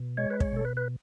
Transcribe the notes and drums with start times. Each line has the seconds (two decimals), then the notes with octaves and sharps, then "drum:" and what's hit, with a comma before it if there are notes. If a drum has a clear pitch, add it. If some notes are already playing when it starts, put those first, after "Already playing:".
Already playing: B2
0.17 G#3 C#5
0.30 B4
0.40 C#5, drum: kick
0.52 B2 A4
0.65 B4
0.77 B4